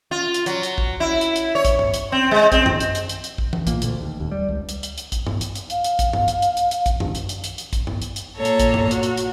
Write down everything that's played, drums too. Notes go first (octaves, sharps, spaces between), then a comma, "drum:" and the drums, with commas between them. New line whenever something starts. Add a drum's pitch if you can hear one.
F4
drum: hi-hat
F#3, drum: hi-hat
drum: hi-hat
drum: kick
E4
drum: hi-hat
drum: hi-hat
C#5
drum: kick, hi-hat
drum: tom G2
drum: hi-hat
C4
G#3
C4, drum: kick, hi-hat
drum: tom F#2
drum: hi-hat
drum: hi-hat
drum: hi-hat
drum: hi-hat
drum: kick
drum: tom E3
B1 A#2 A#3, drum: hi-hat
D2, drum: hi-hat
D#2
D1 D#2
G3
C#2
drum: hi-hat
drum: hi-hat
drum: hi-hat
drum: kick, hi-hat
drum: tom G2
drum: hi-hat
drum: hi-hat
F5, drum: hi-hat
drum: hi-hat
drum: kick, hi-hat
drum: tom G2
drum: hi-hat
drum: hi-hat
drum: hi-hat
drum: hi-hat
drum: kick, hi-hat
drum: tom F#2
drum: hi-hat
drum: hi-hat
drum: hi-hat
drum: hi-hat
drum: kick, hi-hat
drum: tom G2
drum: hi-hat
drum: hi-hat
A#2 A#3 A4 C#5 A#5
drum: hi-hat
drum: kick, hi-hat
drum: tom G2
F#4, drum: hi-hat
drum: hi-hat
drum: hi-hat